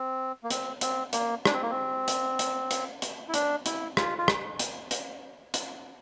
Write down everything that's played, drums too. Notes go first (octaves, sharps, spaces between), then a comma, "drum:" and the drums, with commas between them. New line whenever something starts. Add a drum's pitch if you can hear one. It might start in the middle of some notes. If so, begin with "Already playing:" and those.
Already playing: C4
A#3
C4, drum: hi-hat
C4, drum: hi-hat
A#3, drum: hi-hat
D4, drum: rim click
C4
A#3
C4
drum: hi-hat
drum: hi-hat
drum: hi-hat
drum: hi-hat
E4
D4, drum: hi-hat
E4, drum: hi-hat
F4, drum: rim click
F4
drum: rim click
drum: hi-hat
drum: hi-hat
drum: hi-hat